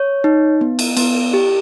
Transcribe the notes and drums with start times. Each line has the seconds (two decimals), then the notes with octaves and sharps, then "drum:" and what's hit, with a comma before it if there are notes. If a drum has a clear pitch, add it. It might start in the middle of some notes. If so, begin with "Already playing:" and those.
Already playing: C#5
0.24 D#4
0.61 B3
0.79 drum: cymbal
0.97 B3, drum: cymbal
1.33 G4